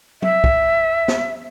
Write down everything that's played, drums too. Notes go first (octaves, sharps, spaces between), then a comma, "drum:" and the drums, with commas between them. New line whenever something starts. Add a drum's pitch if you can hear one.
E5, drum: tom F#3
drum: kick
drum: snare